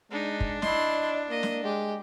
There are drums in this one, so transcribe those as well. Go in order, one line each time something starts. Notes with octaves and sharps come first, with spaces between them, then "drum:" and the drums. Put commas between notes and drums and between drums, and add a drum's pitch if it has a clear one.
G#3 D4 D#4
drum: kick
E4 D#5 C6, drum: snare
A#3 D#5
drum: snare
G#3 G4